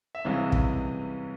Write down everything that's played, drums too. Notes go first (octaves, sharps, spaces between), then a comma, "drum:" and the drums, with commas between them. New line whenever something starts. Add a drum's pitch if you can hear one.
E5
C2 C3 E3 G#3 C#4 F5
drum: kick